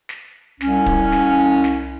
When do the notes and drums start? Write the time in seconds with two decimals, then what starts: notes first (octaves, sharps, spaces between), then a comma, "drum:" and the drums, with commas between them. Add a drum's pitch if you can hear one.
0.09 drum: snare
0.61 C2 C#4, drum: snare
0.86 drum: kick
1.12 drum: snare
1.64 drum: snare